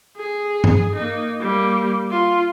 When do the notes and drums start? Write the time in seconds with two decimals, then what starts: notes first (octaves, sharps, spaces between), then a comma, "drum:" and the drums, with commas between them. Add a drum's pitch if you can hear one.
0.17 G#4
0.64 drum: tom G2
0.96 A#3 D#4
1.40 G3 A#3
2.11 F4